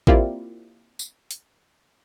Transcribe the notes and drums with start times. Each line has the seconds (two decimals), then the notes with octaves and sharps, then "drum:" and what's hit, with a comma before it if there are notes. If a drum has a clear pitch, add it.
0.07 A#3 C4 E4 F4 G4 D5, drum: kick A1
0.99 drum: tambourine
1.31 drum: hi-hat